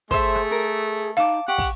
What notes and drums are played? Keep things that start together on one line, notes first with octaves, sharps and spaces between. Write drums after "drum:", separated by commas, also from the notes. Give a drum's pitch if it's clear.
A3 G#4 C5 E5, drum: kick, open hi-hat
drum: rim click
A#4
D#4 F5 A5 D6
G4 F#5 C#6
drum: kick, open hi-hat